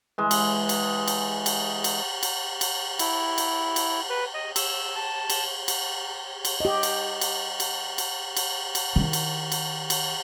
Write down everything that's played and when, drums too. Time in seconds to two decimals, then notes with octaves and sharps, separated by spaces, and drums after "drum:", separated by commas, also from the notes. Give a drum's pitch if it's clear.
0.18 E3 G#3
0.31 drum: cymbal
0.69 drum: cymbal
1.08 drum: cymbal
1.46 drum: cymbal
1.84 drum: cymbal
2.23 drum: cymbal
2.61 drum: cymbal
2.99 E4, drum: cymbal
3.38 drum: cymbal
3.76 drum: cymbal
4.10 B4
4.34 D#5
4.56 E6, drum: cymbal
4.96 A5
5.30 drum: cymbal
5.68 drum: cymbal
6.45 drum: cymbal
6.60 G4 D#5
6.83 drum: cymbal
7.21 drum: cymbal
7.60 drum: cymbal
7.98 drum: cymbal
8.37 drum: cymbal
8.75 drum: cymbal
8.96 D#3 E4
9.13 drum: cymbal
9.52 drum: cymbal
9.90 drum: cymbal